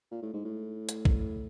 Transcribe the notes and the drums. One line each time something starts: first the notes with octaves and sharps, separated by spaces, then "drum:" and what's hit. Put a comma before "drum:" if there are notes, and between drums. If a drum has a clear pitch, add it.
A#2
A2
G#2
A2
drum: hi-hat
drum: kick